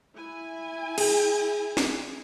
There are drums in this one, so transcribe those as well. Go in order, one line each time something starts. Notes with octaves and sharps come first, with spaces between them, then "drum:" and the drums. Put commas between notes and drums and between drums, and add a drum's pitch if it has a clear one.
E4 G#5
G#4, drum: cymbal
drum: snare